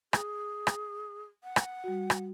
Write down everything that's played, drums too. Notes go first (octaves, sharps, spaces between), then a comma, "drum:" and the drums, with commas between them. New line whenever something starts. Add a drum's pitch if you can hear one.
G#4, drum: rim click
drum: rim click
F#5
drum: rim click
G3 F#4
drum: rim click